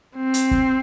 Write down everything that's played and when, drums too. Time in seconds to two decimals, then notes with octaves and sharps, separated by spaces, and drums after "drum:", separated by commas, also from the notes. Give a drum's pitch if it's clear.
0.17 C4
0.34 drum: hi-hat
0.51 drum: kick